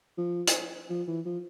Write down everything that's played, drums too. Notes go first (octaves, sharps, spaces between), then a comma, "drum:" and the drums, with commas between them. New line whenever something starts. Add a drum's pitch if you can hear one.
F3
drum: hi-hat
F3
E3
F3